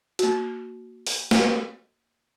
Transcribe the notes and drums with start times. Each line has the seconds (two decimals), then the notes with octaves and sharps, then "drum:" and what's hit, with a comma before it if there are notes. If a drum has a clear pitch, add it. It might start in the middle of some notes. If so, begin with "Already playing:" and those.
0.19 A#3 F#4, drum: hi-hat
1.07 drum: open hi-hat
1.31 drum: snare